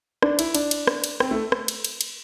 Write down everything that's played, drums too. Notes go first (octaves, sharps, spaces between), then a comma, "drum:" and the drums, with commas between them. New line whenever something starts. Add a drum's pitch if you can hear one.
D4, drum: rim click
E4, drum: cymbal
D4, drum: cymbal
drum: cymbal
drum: rim click
drum: cymbal
C4, drum: rim click
A3
drum: rim click
drum: cymbal
drum: cymbal
drum: cymbal